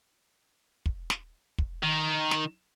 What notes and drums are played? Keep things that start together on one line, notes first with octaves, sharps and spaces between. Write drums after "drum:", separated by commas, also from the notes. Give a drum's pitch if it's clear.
drum: kick
drum: snare
drum: kick
D#3
drum: snare